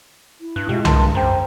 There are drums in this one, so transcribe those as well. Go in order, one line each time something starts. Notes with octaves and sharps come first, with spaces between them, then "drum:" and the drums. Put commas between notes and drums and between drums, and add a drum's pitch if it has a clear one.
E4
G2 F#6
B2 G#3 E4 F4 G4
G2 A#4 A5 C6, drum: tom C2
F#2 C5 G5 A#5